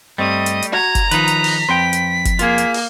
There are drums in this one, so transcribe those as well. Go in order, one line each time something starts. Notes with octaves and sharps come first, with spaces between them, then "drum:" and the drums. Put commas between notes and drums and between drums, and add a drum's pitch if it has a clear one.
G2 G3 A3 C4 D#5
drum: hi-hat
drum: hi-hat
F#4 A#5 G#6
drum: kick, hi-hat
D#3 F3 D#4 B4 B6, drum: hi-hat
drum: hi-hat
drum: open hi-hat
F2 C4 B4 G5 C6
drum: hi-hat
drum: kick, hi-hat
A#3 F4 G#4, drum: hi-hat
drum: hi-hat
drum: open hi-hat